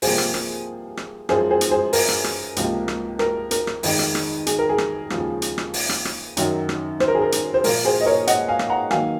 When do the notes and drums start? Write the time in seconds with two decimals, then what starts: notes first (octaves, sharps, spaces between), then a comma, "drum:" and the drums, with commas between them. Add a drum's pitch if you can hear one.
0.02 C2 C3 F3 A#3 G#4 C5, drum: open hi-hat
0.18 drum: rim click
0.34 drum: rim click
0.97 drum: rim click
1.29 F#2 F3 G#3 G#4 C5, drum: rim click
1.50 G#4 C5
1.61 drum: hi-hat
1.71 G#4 C5
1.93 A#4, drum: open hi-hat
2.08 drum: rim click
2.24 drum: rim click
2.56 C#2 C3 F3 A#3, drum: hi-hat
2.88 drum: rim click
3.19 A#4, drum: rim click
3.51 A#4, drum: hi-hat
3.67 drum: rim click
3.83 F2 D#3 G#3, drum: open hi-hat
3.99 drum: rim click
4.15 drum: rim click
4.47 G#4, drum: hi-hat
4.59 A#4
4.69 G#4
4.78 drum: rim click
5.10 D#2 C#3 F3 G#3, drum: rim click
5.42 drum: hi-hat
5.58 drum: rim click
5.74 drum: open hi-hat
5.89 drum: rim click
6.05 drum: rim click
6.37 F#2 D#3 F#3, drum: hi-hat
6.69 drum: rim click
7.00 C5, drum: rim click
7.08 A#4
7.15 G#4
7.22 A#4
7.32 drum: hi-hat
7.54 C5
7.64 A#2 F3 A#3 A#4, drum: open hi-hat
7.85 G#4 C5
8.01 D#5
8.06 A#4 C#5
8.27 D#5 F#5, drum: hi-hat
8.48 F5 G#5
8.59 drum: rim click
8.70 F#5 A#5
8.91 D#3 F#3 A#3 F5 G#5, drum: rim click